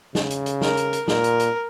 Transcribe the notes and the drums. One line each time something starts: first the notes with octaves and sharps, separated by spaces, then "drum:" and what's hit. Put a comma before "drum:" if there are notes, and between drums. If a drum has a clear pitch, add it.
C#3, drum: snare
drum: hi-hat
drum: hi-hat
A#4, drum: snare
drum: hi-hat
drum: hi-hat
A#2 A#4, drum: snare
drum: hi-hat
drum: hi-hat